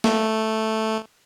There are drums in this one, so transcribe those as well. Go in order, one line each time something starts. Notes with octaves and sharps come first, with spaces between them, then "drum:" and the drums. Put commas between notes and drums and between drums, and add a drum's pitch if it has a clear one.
A3, drum: snare